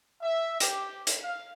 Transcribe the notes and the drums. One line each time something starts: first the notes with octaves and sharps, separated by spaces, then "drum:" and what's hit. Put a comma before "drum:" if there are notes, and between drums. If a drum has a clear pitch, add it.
E5
G4, drum: hi-hat
drum: hi-hat
F5